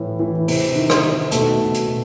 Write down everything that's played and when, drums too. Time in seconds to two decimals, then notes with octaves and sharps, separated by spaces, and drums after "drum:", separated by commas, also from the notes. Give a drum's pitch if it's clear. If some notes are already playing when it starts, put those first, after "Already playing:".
Already playing: A2 E3
0.20 E3
0.48 C3, drum: open hi-hat
0.76 D#3
0.90 drum: rim click
1.04 D#3
1.31 B2 A3 A4, drum: hi-hat
1.61 B2
1.74 drum: hi-hat
1.88 B2